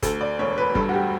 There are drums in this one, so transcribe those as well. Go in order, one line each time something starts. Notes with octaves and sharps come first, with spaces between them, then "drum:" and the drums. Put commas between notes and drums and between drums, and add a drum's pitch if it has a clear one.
D2 A4, drum: kick G1, hi-hat
D5
E1 C#5
B4
G2 A4, drum: kick G1
F#4
G4